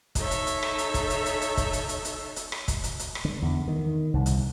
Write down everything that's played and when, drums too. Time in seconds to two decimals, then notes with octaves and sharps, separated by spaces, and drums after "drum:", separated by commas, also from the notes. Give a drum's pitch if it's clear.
0.15 D#4 A4 C#5 E5, drum: kick, hi-hat
0.31 drum: hi-hat
0.47 drum: hi-hat
0.63 drum: rim click
0.78 drum: hi-hat
0.94 drum: kick, hi-hat
1.10 drum: hi-hat
1.26 drum: hi-hat
1.42 drum: hi-hat
1.57 drum: kick, hi-hat
1.73 drum: hi-hat
1.89 drum: hi-hat
2.05 drum: hi-hat
2.36 drum: hi-hat
2.52 drum: rim click
2.68 drum: kick, hi-hat
2.84 drum: hi-hat
2.99 drum: hi-hat
3.15 drum: rim click
3.25 D3
3.42 E2
3.68 D#3
4.14 C2
4.26 drum: hi-hat